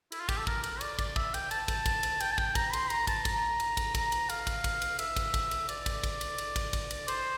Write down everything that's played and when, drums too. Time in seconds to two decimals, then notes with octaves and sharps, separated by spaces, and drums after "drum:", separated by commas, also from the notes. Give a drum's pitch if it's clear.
0.12 E4, drum: cymbal
0.20 F4
0.29 G4, drum: kick, cymbal
0.38 A4
0.47 A#4, drum: kick
0.64 A#4, drum: cymbal
0.81 D5, drum: cymbal
0.99 D5, drum: kick, cymbal
1.16 E5, drum: kick
1.34 G5, drum: cymbal
1.51 A5, drum: cymbal
1.68 drum: kick, cymbal
1.86 drum: kick, cymbal
2.03 drum: cymbal
2.20 G5, drum: cymbal
2.32 A5
2.38 G5, drum: kick
2.55 A#5, drum: kick, cymbal
2.73 C6, drum: cymbal
2.90 A#5, drum: cymbal
3.07 A5, drum: kick, cymbal
3.25 A#5, drum: kick, cymbal
3.60 drum: cymbal
3.77 drum: kick, cymbal
3.95 A#5, drum: kick, cymbal
4.12 drum: cymbal
4.29 F5, drum: cymbal
4.47 drum: kick, cymbal
4.64 drum: kick, cymbal
4.82 drum: cymbal
4.99 E5, drum: cymbal
5.16 drum: kick, cymbal
5.34 drum: kick, cymbal
5.51 drum: cymbal
5.69 D5, drum: cymbal
5.86 drum: kick, cymbal
6.04 drum: kick, cymbal
6.21 drum: cymbal
6.38 drum: cymbal
6.56 drum: kick, cymbal
6.73 drum: kick, cymbal
6.91 drum: cymbal
7.08 C5, drum: cymbal